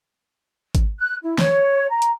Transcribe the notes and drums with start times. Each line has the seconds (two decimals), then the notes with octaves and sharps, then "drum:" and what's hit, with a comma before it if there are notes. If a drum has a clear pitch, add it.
0.75 drum: kick G#1, hi-hat
0.99 F#6
1.22 E4
1.38 C#5, drum: snare
1.90 A#5
2.02 drum: hi-hat